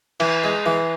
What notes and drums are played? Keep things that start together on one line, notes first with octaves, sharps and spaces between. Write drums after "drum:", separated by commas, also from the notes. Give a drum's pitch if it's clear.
E3, drum: cymbal
G#3
E3